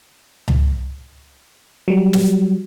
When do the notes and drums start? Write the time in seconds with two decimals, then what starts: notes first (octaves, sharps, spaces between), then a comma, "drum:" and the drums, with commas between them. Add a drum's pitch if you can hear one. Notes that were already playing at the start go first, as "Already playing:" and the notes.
0.48 drum: tom C#2
1.88 F#3 G3
2.13 drum: snare